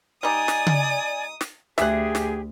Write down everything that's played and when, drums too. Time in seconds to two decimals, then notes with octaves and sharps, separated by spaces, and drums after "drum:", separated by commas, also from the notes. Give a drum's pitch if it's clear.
0.23 G3 D#4 D5 G#5 D#6
0.48 drum: snare
0.67 drum: tom C#3
1.41 drum: snare
1.78 D2 G4 G#4 E5 F#5, drum: snare
2.15 drum: snare